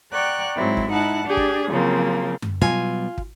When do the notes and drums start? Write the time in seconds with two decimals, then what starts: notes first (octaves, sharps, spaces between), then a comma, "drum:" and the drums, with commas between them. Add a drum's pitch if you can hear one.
0.13 D5 F#5 G5 A#5 C#6 F#6
0.56 G#2 F#3 C4 E4
0.77 drum: kick
0.92 D#4 E4 F#5 A5 F#6
1.26 D4 G4 G#4
1.37 drum: kick
1.71 C#3 F3 F#3 A#3 C4
2.42 drum: tom F#2
2.61 B2 F#3 G3 F4 G#5
3.18 drum: kick